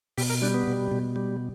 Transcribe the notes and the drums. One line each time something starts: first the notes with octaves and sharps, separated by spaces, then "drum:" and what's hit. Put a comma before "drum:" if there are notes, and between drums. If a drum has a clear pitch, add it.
B2 G4, drum: open hi-hat
A#4
G3 D4
B3
B2
B2
G3